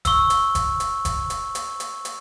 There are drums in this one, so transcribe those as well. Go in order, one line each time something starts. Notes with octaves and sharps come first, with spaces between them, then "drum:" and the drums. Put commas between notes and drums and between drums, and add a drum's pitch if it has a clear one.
C#6 E6, drum: kick F1, hi-hat
drum: hi-hat
drum: kick F1, hi-hat
drum: hi-hat
drum: kick F1, hi-hat
drum: hi-hat
drum: hi-hat
drum: hi-hat
drum: hi-hat